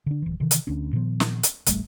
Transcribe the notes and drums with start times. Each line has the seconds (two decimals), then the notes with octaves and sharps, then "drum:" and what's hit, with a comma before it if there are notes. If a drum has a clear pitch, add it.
0.06 D3 D4
0.22 D1 E3
0.40 C3 D#3 E3
0.51 drum: hi-hat
0.67 D2 C#4 D4
0.93 A#2 D#3 F3 B3
1.20 drum: snare
1.43 drum: hi-hat
1.66 E1 A1 G3 A3, drum: hi-hat